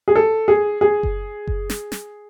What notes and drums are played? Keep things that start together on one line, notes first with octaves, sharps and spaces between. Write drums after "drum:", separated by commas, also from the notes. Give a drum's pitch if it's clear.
G#4
A4
G#4
G#4
drum: kick F#1
drum: kick F#1
drum: snare
drum: snare